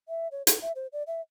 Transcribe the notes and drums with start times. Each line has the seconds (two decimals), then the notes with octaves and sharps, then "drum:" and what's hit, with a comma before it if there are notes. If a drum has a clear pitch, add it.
0.08 E5
0.31 C#5
0.47 A4, drum: hi-hat
0.62 E5
0.75 C5
0.93 D5
1.07 E5